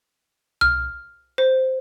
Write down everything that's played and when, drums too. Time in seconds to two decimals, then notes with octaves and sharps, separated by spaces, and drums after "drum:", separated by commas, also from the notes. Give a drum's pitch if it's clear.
0.61 F6, drum: tom C2
1.38 C5